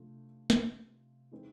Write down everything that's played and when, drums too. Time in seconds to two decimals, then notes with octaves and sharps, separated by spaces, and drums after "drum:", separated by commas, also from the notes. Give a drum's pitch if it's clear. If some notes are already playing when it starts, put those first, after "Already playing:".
Already playing: C3 F3 A3 D4 F4
0.50 drum: snare
1.31 E3 G#3 C4 D#4